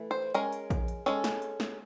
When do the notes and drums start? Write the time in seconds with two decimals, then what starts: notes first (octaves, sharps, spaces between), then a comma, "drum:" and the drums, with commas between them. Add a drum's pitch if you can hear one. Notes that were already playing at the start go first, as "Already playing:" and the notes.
Already playing: E3 A3
0.11 C5
0.34 G#3 C#4 A#4, drum: hi-hat
0.53 drum: hi-hat
0.70 drum: kick A#1, hi-hat
0.88 drum: hi-hat
1.06 G#3 C#4 A4, drum: hi-hat
1.24 drum: snare
1.42 drum: hi-hat
1.60 drum: snare